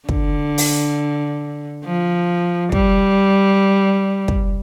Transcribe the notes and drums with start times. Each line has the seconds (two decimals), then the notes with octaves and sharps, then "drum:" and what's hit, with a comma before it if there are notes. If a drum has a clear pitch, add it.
0.09 D3, drum: kick
0.58 drum: open hi-hat
1.85 F3
2.72 G3, drum: kick
4.28 drum: kick